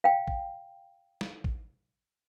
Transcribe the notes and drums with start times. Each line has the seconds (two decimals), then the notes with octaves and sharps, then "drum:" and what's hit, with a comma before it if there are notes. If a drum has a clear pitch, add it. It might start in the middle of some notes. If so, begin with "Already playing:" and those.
0.04 F5 G5
0.28 drum: kick
1.21 drum: snare
1.44 drum: kick